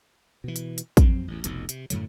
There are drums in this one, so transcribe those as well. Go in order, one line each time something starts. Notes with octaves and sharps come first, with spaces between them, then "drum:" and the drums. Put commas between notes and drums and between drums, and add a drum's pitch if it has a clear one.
B2 E3
drum: hi-hat
drum: hi-hat
F2 F#3 C4, drum: kick, hi-hat
A1 E2
F1 B1 F2 B2, drum: hi-hat
C3, drum: hi-hat
F#2 A2 D3 F#3, drum: hi-hat